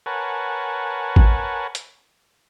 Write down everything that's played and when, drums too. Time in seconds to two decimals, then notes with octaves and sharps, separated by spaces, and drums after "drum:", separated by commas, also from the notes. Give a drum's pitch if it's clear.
0.06 A#4 B4 C#5 F#5 G#5 A5
1.16 drum: kick G#1
1.75 drum: hi-hat